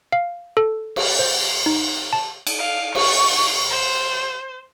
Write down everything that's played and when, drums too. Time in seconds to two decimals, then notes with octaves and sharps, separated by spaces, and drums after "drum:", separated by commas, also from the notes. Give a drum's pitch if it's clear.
0.12 F5
0.57 A4
0.96 drum: cymbal
1.19 C5
1.66 D#4
2.13 A5
2.47 drum: cymbal
2.59 F5
2.95 C#6, drum: cymbal
3.70 C5